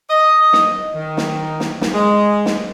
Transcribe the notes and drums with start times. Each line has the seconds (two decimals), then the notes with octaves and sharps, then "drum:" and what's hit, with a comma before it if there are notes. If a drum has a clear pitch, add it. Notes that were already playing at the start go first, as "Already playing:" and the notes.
0.10 D#5
0.53 drum: snare
0.96 D#3
1.17 drum: snare
1.60 drum: snare
1.81 drum: snare
1.93 G#3
2.46 drum: snare